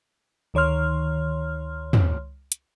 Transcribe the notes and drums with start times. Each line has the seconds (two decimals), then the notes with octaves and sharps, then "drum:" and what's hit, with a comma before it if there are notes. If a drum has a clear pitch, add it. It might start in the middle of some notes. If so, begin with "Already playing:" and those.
0.54 D2 D#3 C#5 C6 F6
1.93 drum: tom
2.52 drum: hi-hat